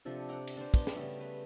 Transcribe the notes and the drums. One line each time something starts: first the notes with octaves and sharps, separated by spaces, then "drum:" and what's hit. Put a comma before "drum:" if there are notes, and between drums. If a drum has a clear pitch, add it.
C3 F3 D4 A4
F#5 G5 A#5 D6
drum: cymbal
D4 C5
B3, drum: kick, cymbal
drum: snare
C#3 G3 A3
B4